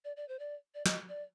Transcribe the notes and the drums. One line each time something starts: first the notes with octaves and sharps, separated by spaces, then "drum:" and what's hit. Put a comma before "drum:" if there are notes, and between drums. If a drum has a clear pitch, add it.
D5
D5
C5
D5
D5
D#5, drum: snare
D5